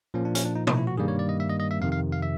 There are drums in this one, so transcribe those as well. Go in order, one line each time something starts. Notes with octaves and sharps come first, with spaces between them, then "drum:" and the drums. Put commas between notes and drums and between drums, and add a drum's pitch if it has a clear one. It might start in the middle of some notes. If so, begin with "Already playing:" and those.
A#2 F3 A#3 C#4
D4
C#4, drum: hi-hat
D4
D#4
D#4, drum: tom
E4
F#4
G2 D#3 G3 A#3 G#4
C#5
D5
D#5
E5
D#5
D#5
E5
F2 C3 D#3 F5
F5
F5
E5